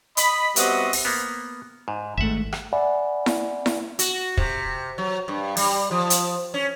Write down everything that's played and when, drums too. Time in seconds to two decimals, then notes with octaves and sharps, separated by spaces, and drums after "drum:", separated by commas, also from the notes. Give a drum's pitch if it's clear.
0.17 D#5 B5, drum: hi-hat
0.56 G3 B3 C4 F#4 D#5 E5, drum: hi-hat
0.93 drum: open hi-hat
1.05 A#3 B3
1.88 G#2
2.18 G#1 G#2 A3 E5 F#5
2.52 drum: rim click
2.73 D5 E5 F#5 G#5 B5
3.26 drum: snare E4
3.66 drum: snare E4
3.99 F#4, drum: hi-hat
4.37 C3, drum: kick
4.98 F#3
5.28 G2
5.57 G3, drum: open hi-hat
5.91 F3
6.10 drum: hi-hat
6.54 C#4